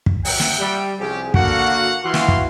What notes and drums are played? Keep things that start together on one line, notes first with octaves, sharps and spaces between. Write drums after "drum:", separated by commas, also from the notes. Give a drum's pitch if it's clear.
drum: kick
E5 F#5 G5, drum: open hi-hat
drum: snare
G3
C2 F3 C#4 G4 G#4
D3 A#3 F#4 F5 F#5, drum: kick
E3 F#4 F5 C6
drum: snare
drum: kick